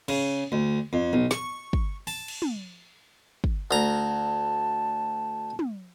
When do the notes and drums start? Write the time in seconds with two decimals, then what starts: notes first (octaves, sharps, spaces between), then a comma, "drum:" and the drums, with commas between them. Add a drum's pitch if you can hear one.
0.08 C#3, drum: cymbal
0.52 D2
0.93 F2
1.13 B1
1.31 C#6, drum: snare
1.73 drum: kick
2.07 A5, drum: open hi-hat
2.28 drum: cymbal
2.42 drum: tom
3.44 drum: kick
3.71 D2 A5 A#5
5.59 drum: tom